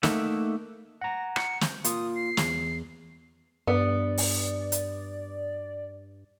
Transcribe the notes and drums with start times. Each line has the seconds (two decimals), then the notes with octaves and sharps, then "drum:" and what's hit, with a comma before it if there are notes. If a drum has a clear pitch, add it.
0.03 A3 A#3 D#4 E5 F#5, drum: snare
1.01 F#5 A#5 A#6
1.36 C#7, drum: rim click
1.61 G6, drum: snare
1.84 A#3 F4 D#6, drum: hi-hat
2.16 C7
2.37 E2, drum: snare
3.67 G2 B3 D5
4.18 drum: open hi-hat
4.72 drum: hi-hat